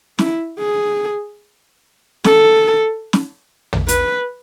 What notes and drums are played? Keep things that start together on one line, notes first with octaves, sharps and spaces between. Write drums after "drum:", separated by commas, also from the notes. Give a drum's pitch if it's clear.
E4, drum: snare
G#4
A4, drum: snare
drum: snare
drum: tom
B4, drum: hi-hat